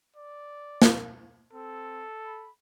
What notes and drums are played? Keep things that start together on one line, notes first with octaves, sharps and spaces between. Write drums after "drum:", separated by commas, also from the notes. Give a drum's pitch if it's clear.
D5
drum: snare
C4 A4
B5